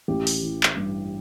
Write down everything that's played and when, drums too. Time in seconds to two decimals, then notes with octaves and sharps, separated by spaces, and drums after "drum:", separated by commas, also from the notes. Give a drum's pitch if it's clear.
0.08 A1 G4
0.27 drum: open hi-hat
0.42 E3
0.63 drum: clap
0.77 G2